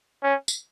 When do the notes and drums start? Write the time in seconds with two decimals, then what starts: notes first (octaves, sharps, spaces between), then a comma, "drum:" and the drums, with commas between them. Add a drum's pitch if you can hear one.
0.23 C#4
0.48 drum: tambourine